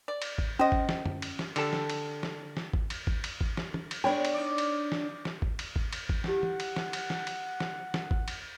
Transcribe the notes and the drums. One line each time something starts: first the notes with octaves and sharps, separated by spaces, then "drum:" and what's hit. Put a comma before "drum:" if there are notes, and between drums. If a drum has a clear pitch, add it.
D5
drum: cymbal
drum: kick G#1
C#4 C5 D#5
drum: kick G#1
drum: snare
drum: tom
drum: cymbal
drum: snare
D3 G4 A4 A5, drum: cymbal
drum: snare
drum: cymbal
drum: snare
drum: snare
drum: kick G#1
drum: cymbal
drum: kick G#1
drum: cymbal
drum: kick G#1
drum: snare
drum: tom
drum: cymbal
G#3 B3 D4 C#5 G5 B5
drum: cymbal
D#4 D5
drum: cymbal
drum: snare
drum: snare
drum: kick G#1
drum: cymbal
drum: kick G#1
drum: cymbal
drum: kick G#1
E4 G4 F#5, drum: snare
drum: tom
drum: cymbal
drum: snare
drum: cymbal
drum: snare
drum: cymbal
drum: snare
drum: snare
drum: kick G#1
drum: cymbal